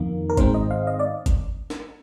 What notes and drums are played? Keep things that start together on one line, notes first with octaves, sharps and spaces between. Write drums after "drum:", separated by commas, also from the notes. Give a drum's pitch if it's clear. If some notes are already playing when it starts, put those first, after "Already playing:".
Already playing: F2 D#3 A#3 A#4
A#4
G#2 D#3 G#3 C4 C5, drum: kick G1, hi-hat
D#5
F5
D#5
D5
drum: kick G1, hi-hat
drum: snare